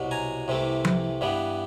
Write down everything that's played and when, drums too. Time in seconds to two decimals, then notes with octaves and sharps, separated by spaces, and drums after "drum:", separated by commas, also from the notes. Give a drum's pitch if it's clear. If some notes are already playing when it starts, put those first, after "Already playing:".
Already playing: C2 B2 F#3
0.11 G#5 A#5
0.48 C2 C3 E3 A3
0.85 drum: tom F3
1.21 G2 E3 G3 B3